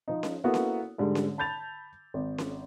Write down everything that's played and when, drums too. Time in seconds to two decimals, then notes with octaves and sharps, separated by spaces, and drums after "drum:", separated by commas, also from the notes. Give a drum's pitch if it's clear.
0.08 F3 D#4
0.23 drum: snare C#4
0.44 A#3 B3 E4 F#4 A4 A#4
0.54 drum: snare C#4
0.98 G#2 D3 G3 G#3
1.15 drum: snare C#4
1.38 A5 B5 G6 A6 F7
2.14 G#1
2.38 drum: snare C#4